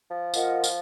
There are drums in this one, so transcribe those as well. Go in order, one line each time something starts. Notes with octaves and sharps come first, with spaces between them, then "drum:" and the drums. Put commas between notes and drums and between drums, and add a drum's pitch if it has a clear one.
F3
F4 A#4 D#5 F#5, drum: tambourine
drum: tambourine